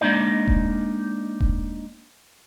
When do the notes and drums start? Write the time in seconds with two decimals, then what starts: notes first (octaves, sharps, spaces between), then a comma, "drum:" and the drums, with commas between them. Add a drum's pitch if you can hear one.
0.01 G#3 A#3 D4 D#4 D5
0.48 drum: kick D#1
1.40 drum: kick D#1